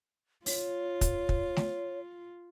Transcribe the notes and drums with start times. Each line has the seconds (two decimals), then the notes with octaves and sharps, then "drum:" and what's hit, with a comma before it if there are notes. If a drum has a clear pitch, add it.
0.46 F4 C#5, drum: open hi-hat
1.01 drum: kick, hi-hat
1.29 drum: kick
1.57 drum: snare A3